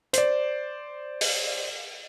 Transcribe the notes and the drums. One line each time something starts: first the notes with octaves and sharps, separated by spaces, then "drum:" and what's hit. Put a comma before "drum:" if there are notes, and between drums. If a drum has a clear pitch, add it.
C5 D5, drum: hi-hat
drum: open hi-hat